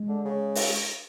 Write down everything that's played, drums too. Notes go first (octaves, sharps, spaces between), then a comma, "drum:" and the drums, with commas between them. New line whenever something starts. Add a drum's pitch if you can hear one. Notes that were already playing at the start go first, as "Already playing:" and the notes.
Already playing: G#3
D3
C#3
drum: open hi-hat